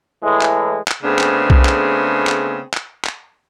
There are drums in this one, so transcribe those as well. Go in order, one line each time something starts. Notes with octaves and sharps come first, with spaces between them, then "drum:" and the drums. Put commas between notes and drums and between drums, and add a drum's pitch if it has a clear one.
A2 E3 G#3
drum: clap
drum: clap
C#3 A3 B3 C4 D4 G#4
drum: clap
drum: kick B1
drum: clap
drum: clap
drum: clap
drum: clap